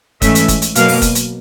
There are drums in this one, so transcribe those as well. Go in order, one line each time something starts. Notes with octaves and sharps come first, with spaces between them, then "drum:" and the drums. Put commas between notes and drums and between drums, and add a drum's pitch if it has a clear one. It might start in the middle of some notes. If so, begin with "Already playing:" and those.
G#2 E3 A3 C#4 E5, drum: kick F#1, hi-hat
drum: hi-hat
drum: kick F#1, hi-hat
drum: hi-hat
B2 F#3 A#3 F5, drum: hi-hat
drum: open hi-hat
drum: kick F#1, hi-hat
drum: hi-hat